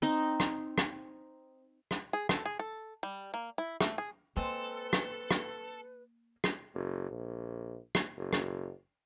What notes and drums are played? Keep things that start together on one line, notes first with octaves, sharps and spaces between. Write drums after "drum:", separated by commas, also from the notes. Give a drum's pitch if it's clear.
C4 D#4
drum: rim click
drum: rim click
drum: rim click
G#4
A4, drum: rim click
G#4
A4
G3
A#3
E4
A3, drum: rim click
G#4
G#3 A#3 C4 A4 B4
drum: rim click
drum: rim click
drum: rim click
F#1
A#1
drum: rim click
F#1
drum: rim click